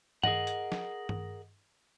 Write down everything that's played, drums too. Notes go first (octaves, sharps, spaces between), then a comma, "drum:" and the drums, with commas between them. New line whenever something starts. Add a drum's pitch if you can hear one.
G#4 A#4 D#5 F#5, drum: tom G2
drum: hi-hat
drum: snare
drum: tom G2